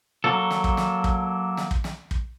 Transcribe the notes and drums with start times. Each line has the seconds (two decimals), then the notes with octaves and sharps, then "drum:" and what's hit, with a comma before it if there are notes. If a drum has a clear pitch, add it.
0.24 F#3 A#3 A4
0.51 drum: snare
0.64 drum: kick
0.77 drum: snare
1.04 drum: kick
1.57 drum: snare
1.71 drum: kick
1.84 drum: snare
2.11 drum: kick